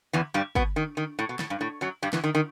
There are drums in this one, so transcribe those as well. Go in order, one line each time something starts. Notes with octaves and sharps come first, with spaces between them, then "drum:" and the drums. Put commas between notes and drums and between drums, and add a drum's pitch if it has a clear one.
E2 E3
G2 G3
B2 B3, drum: kick
D#3
D#3
A2
B2
A2, drum: snare
G2
A2
F#2 F#3
G2 G3
E2 E3, drum: snare
D#3
D#3